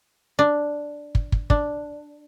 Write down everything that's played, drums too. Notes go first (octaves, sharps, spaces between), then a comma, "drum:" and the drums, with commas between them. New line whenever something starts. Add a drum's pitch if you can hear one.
D4
drum: kick
drum: kick
D4, drum: kick